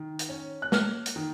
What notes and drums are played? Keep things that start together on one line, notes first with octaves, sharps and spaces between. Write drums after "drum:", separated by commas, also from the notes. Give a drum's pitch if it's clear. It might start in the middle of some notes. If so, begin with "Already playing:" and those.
Already playing: D#3
drum: hi-hat
C#4
F#6
A#3 F6, drum: snare
drum: hi-hat
D#3